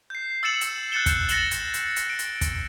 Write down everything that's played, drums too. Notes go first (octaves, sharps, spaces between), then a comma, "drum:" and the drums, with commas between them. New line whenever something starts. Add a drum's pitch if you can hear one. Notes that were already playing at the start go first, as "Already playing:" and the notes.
G6 C7
E6 A6 C#7 E7 F#7
drum: hi-hat
F#6 G6 A6 C#7 E7 G7
drum: kick, hi-hat
A6 A#6 C#7 E7 F#7 G7, drum: hi-hat
drum: hi-hat
drum: hi-hat
drum: hi-hat
D7
drum: hi-hat
drum: kick, hi-hat